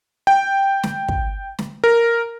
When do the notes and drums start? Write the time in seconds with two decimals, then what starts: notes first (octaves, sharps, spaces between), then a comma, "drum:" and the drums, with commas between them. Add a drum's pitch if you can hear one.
0.27 G5
0.83 drum: snare
1.08 drum: kick
1.59 drum: snare
1.84 A#4